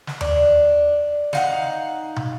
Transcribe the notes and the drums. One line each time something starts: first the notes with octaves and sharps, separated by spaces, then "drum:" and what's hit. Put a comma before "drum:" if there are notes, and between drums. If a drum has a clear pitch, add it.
drum: snare
D4, drum: tom D#2
D#4 F5 F#5, drum: snare
drum: tom